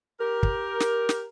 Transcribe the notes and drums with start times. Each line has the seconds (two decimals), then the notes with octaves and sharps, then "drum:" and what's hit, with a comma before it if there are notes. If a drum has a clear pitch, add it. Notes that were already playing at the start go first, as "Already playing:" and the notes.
0.20 G4 A#4
0.43 drum: kick
0.80 drum: snare
1.09 drum: snare